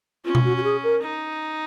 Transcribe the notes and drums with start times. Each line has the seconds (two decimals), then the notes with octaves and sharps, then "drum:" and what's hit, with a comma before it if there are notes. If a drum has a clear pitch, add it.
0.25 C#4 F4
0.35 drum: tom B2
0.44 F#4
0.57 F#4
0.63 G#4
0.83 A#4
1.02 D#4